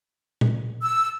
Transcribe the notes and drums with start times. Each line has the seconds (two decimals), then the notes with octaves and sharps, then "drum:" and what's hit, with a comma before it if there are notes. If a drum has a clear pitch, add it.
0.41 drum: tom A#2
0.82 E6